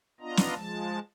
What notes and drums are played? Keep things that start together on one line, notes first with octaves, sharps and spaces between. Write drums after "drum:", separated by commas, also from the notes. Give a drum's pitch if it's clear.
B3 D4 F4 D#5 A#5
drum: snare
F3 G#3 A5